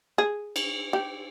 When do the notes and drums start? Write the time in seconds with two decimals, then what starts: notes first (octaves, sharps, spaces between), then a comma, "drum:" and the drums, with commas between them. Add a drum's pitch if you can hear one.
0.18 G#4
0.56 drum: cymbal
0.93 G4